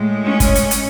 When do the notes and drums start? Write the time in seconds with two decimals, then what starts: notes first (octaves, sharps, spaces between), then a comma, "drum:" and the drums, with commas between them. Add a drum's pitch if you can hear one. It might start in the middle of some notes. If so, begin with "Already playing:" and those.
Already playing: A2 G#3
0.24 C#4
0.40 drum: kick G1, hi-hat
0.55 drum: hi-hat
0.71 drum: hi-hat